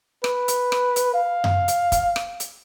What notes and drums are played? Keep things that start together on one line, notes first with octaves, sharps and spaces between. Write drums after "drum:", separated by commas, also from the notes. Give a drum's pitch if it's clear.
B4, drum: rim click
drum: hi-hat
drum: rim click
drum: hi-hat
F5
drum: tom F#2
drum: hi-hat
drum: kick, hi-hat
drum: rim click
drum: hi-hat